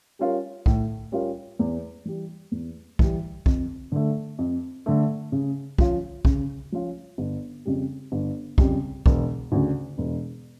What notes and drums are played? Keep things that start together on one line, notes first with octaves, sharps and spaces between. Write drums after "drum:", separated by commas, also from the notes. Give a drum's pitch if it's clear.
G3 C#4 F4 A#4
A2, drum: kick
G3 C#4 F4 A#4
E2
E3 G3
E2
E3 G3, drum: kick
F2, drum: kick
D3 A3
F2
D3 A3
C#3
F3 C#4 F4, drum: kick
C#3, drum: kick
F3 C#4 F4
G1
F2 C#3 G3
G1
F2 C#3 G3, drum: kick
E1, drum: kick
D2 C#3
E1